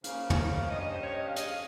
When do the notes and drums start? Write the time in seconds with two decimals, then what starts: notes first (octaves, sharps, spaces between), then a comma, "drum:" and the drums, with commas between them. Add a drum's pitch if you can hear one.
0.04 C#3 F3 A#3 C#4 F5, drum: hi-hat
0.30 drum: tom
0.62 F5
0.69 G2 G3 C#4 D#5
0.81 D#5
0.92 C5
1.03 C#5
1.14 D#5
1.25 F5
1.36 F2 C#3 G#3 D#5, drum: hi-hat
1.47 F5